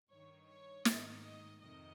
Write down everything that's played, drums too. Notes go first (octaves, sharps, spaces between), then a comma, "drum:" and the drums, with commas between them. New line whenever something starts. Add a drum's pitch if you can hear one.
G2 D#3 C#5
C#5
G#2 D#3 D#5, drum: snare
D#5
F2 C3 D#3 D#5